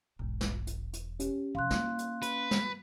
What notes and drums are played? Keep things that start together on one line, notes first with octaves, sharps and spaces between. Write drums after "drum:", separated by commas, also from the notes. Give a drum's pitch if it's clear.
E1 B1 G#2
drum: snare
drum: hi-hat
drum: hi-hat
C#4 G4, drum: hi-hat
C3 F3 F5 C6 F#6
A#3 E4, drum: snare
drum: hi-hat
B4, drum: hi-hat
drum: snare